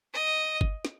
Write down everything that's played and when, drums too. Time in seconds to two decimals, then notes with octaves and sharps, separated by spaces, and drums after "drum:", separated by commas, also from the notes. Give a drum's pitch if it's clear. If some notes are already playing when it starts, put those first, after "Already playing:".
0.14 D#5
0.61 drum: kick G1
0.85 drum: snare